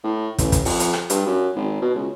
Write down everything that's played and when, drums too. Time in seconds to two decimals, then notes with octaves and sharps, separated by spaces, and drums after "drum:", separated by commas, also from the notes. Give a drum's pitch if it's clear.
0.04 A2
0.38 A1, drum: kick, hi-hat
0.52 drum: kick, hi-hat
0.65 F2, drum: open hi-hat
0.80 drum: hi-hat
0.93 drum: rim click
1.10 G2, drum: hi-hat
1.26 F#2
1.56 G#1
1.82 B2
1.94 C#2